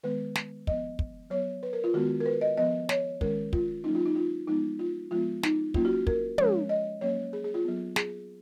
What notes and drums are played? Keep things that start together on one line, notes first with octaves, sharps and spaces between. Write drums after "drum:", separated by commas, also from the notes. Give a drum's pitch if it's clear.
D#3 G#3 B3 B4
drum: snare
F3 B3 D#5, drum: kick
drum: kick
F#3 B3 C#5
B4
A#4
F4
D#3 G#3 B3 F#4
A#4
B4
D#5
F3 B3 D#5
C#5, drum: snare
D#3 G#3 C#4 A#4, drum: kick
F4, drum: kick
F#3 A#3 C#4 D#4
F4
D#4
F4
F3 G#3 B3 D#4
F4
F3 G#3 B3 F4
D#4, drum: snare
F#3 A#3 C#4 F4, drum: kick
F#4
A#4, drum: kick
F3 G#3 C#4 C#5, drum: tom
D#5
F#3 A#3 C#4 C#5
G#4
G#4
F4
F#3 B3
G#4, drum: snare